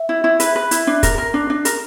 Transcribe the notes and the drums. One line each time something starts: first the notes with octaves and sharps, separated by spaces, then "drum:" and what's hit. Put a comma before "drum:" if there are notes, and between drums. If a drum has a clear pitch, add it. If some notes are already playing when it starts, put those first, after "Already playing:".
Already playing: E5
E4
E4
B4, drum: hi-hat
B4
E4, drum: hi-hat
D4
A#4, drum: kick, hi-hat
A#4
D4
D4
A#4, drum: hi-hat